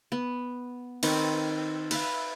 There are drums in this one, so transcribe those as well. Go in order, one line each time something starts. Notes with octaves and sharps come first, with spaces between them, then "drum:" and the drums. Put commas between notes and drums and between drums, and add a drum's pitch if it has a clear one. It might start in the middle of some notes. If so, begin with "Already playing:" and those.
B3
D#3 C4 B4 C#6, drum: cymbal
B4 E5 F5, drum: cymbal